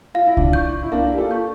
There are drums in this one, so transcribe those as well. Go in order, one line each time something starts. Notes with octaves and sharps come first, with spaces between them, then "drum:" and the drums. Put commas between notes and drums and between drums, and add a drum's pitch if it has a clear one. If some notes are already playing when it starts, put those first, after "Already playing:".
F4 F5
E4
D4 F4, drum: kick C2
C#6 G6
E4
A#3 D4 F5
G4
F4 A4
C#6 G6